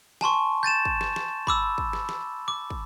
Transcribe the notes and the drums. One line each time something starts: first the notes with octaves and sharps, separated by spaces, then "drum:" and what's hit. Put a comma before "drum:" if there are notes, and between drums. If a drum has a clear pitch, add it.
G#5 A5 C6 C#6, drum: snare
G6 A6 D#7 E7
drum: kick
drum: snare
drum: snare
B5 D6 E6, drum: kick
drum: kick
drum: snare
drum: snare
D6
drum: kick